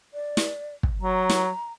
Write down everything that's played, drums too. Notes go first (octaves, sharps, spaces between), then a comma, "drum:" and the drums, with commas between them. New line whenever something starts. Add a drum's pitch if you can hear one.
D5
drum: snare
drum: kick
F#3 A#5
drum: snare